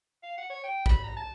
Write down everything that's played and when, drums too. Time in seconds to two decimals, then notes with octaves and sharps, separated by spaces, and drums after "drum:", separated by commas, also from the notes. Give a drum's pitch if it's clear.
0.23 F5
0.38 F#5
0.50 C#5
0.64 G5
0.86 B5, drum: kick
1.04 A#5
1.17 A5